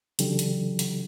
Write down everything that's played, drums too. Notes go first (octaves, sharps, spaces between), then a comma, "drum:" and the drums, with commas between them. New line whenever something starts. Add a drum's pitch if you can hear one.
C#3 E3 F#3 D4 G4 A4, drum: hi-hat
drum: hi-hat
drum: hi-hat